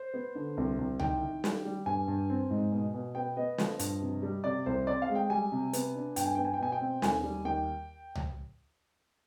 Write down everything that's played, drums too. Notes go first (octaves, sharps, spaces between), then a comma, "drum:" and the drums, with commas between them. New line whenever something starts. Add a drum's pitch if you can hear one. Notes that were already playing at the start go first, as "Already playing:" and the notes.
Already playing: C5
B3
D3
C2
C2
D#3 G5, drum: tom C#2
D#3
G3, drum: snare
G3
G2 G#5
G2
C4
G#2
B2
B2
B3 G5
B3 D#5
F3, drum: snare
G2, drum: hi-hat
C3
G3
C3 D5
C2 C5
C4 D5
F5
G#3
G5
G3 G#5
C3
B3, drum: hi-hat
D4
G2 G5, drum: hi-hat
G#5
B3 G5
G#5
G5
B2 G#5
G5
C4
D#2 G#5, drum: snare
G3
D#2 G5
drum: tom C#2